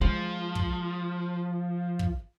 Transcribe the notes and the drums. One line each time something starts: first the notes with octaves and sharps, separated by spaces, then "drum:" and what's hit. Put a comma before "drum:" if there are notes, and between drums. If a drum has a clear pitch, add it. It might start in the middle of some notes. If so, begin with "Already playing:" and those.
F3 G#3
drum: kick
drum: kick